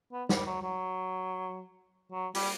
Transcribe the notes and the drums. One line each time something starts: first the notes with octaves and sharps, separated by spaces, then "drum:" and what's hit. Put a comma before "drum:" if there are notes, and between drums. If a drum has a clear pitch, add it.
B3
G3, drum: snare
F#3
F#3
F#3
G3, drum: open hi-hat